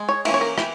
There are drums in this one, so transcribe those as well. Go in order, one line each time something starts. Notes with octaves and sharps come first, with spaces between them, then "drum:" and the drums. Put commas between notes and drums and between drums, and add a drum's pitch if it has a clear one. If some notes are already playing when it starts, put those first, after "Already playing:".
Already playing: G#3
C#5
E3 A#3 C#4, drum: cymbal
C#5
A#4
E3 G4, drum: rim click